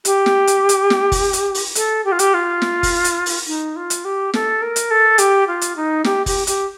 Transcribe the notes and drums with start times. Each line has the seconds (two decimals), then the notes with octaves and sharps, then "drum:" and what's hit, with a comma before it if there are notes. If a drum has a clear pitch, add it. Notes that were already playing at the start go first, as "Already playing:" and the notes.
0.05 G4, drum: hi-hat
0.26 drum: snare
0.47 drum: hi-hat
0.69 drum: hi-hat
0.90 drum: snare
1.12 drum: kick F#1, open hi-hat
1.33 drum: hi-hat
1.54 drum: open hi-hat
1.75 A4, drum: hi-hat
2.04 G4
2.12 F4
2.19 G4, drum: hi-hat
2.33 F4
2.62 drum: snare
2.83 drum: kick F#1, open hi-hat
3.04 drum: hi-hat
3.26 drum: open hi-hat
3.47 D#4
3.76 F4
3.90 drum: hi-hat
4.04 G4
4.34 A4, drum: snare
4.61 A#4
4.76 drum: hi-hat
4.90 A4
5.18 G4, drum: hi-hat
5.47 F4
5.61 drum: hi-hat
5.76 D#4
6.04 G4, drum: snare
6.26 G4, drum: kick F#1, open hi-hat
6.47 G4, drum: hi-hat